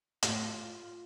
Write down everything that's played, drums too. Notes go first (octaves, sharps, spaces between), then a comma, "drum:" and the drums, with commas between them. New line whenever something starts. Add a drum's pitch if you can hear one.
A2 F4, drum: hi-hat